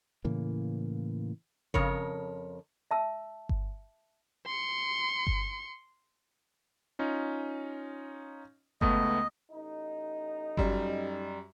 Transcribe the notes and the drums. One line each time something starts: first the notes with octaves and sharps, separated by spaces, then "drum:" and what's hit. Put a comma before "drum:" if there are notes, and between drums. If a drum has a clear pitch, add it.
A2 C#3 E3 A#3
F2 C#3 A#4 C#5, drum: kick G1
E5 A5 E6
drum: kick G1
C6 C#7
drum: kick G1
C#4 D#4 F4
C#2 A3 B3 D#5, drum: kick G1
A1 D#4
F#2 G3, drum: kick G1